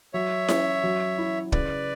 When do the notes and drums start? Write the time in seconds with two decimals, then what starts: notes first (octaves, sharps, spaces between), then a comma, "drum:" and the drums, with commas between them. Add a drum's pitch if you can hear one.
0.13 F#3 C#5 E5
0.48 C#4, drum: snare E4
0.83 F#3
1.18 E4
1.52 C#3 B4 D5, drum: kick